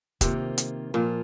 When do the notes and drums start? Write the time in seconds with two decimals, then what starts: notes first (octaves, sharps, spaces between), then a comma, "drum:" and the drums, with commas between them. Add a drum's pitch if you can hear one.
0.21 C3 D#3 A#3 F4 C5, drum: kick, hi-hat
0.58 drum: hi-hat
0.94 A#2 F3 A#3 F4 C5